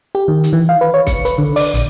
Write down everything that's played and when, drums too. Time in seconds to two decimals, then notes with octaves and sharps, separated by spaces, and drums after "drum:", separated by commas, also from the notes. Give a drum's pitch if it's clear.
0.15 G4
0.28 D#3
0.44 drum: hi-hat
0.53 E3
0.69 F5
0.81 B4
0.94 C#5
1.07 C#7, drum: kick, hi-hat
1.25 B4, drum: hi-hat
1.38 D3
1.56 D5, drum: open hi-hat
1.74 A#1, drum: hi-hat